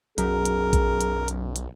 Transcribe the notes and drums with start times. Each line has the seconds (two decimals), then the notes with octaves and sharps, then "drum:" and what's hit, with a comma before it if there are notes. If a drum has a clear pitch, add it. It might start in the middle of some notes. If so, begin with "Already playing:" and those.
0.18 B1 F#2 G#4 A#4, drum: hi-hat
0.45 drum: hi-hat
0.73 drum: kick A#1, hi-hat
1.01 drum: hi-hat
1.28 drum: hi-hat
1.56 drum: hi-hat